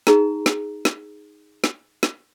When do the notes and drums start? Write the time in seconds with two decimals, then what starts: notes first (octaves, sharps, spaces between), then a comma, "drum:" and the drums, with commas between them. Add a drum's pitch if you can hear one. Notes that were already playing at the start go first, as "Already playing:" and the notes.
0.07 D#4 G#4 A#5, drum: snare
0.46 drum: snare
0.85 drum: snare
1.64 drum: snare
2.03 drum: snare